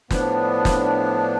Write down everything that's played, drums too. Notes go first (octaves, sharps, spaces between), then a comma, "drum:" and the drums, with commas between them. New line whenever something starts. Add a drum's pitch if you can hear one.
A2 F3 B3 D4, drum: snare
drum: snare